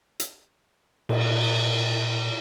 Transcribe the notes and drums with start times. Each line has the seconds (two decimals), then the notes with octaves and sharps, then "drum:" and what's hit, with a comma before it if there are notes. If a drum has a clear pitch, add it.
0.20 drum: hi-hat
1.09 A#2, drum: cymbal